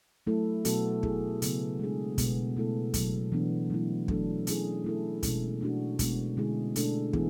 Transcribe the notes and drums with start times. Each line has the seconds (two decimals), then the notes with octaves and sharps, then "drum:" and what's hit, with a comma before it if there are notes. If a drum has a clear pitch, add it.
0.27 F#3 A3 E4 A4
0.65 B2 F#3 B3 F#4 A4, drum: hi-hat
1.03 F#3 B3 E4 G#4, drum: kick
1.42 C#3 F#3 B3, drum: hi-hat
1.79 G#3 D4 G#4
2.18 B2 G#3 B3, drum: kick, hi-hat
2.57 A3 E4 A4
2.94 B2 F#3 B3, drum: kick, hi-hat
3.32 E3 B3 D4
3.70 F#3 A3 E4
4.08 F#3 A3 D4 A4, drum: kick
4.47 F#3 C#4 E4 G#4, drum: hi-hat
4.84 A3 E4 A4
5.23 B2 G#3 C#4 E4, drum: kick, hi-hat
5.61 A3 D4 F#4
5.99 B2 G#3 B3, drum: kick, hi-hat
6.37 D3 G#3 C#4 E4 G#4
6.76 B2 A3 D4 A4, drum: hi-hat
7.13 E3 B3 E4 G#4, drum: kick